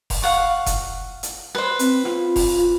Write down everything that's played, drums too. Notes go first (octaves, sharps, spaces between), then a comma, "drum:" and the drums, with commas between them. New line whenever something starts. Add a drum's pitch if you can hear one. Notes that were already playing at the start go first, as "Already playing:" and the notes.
drum: kick F1, open hi-hat
F5 F#5 C#6
drum: kick F1, hi-hat
drum: hi-hat
B4 C5
C4, drum: hi-hat
F4, drum: rim click
drum: kick F1, open hi-hat